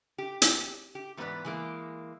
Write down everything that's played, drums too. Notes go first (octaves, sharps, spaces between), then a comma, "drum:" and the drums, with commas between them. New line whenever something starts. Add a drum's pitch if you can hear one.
G4
drum: hi-hat
G4
E2 G#2 B3 D#4 B4 D5
E3 G#3 A#3